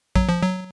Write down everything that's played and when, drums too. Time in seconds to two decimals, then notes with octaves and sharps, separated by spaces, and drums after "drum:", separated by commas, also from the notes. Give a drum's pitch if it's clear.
0.15 F#3, drum: kick A#1
0.29 F3
0.43 F#3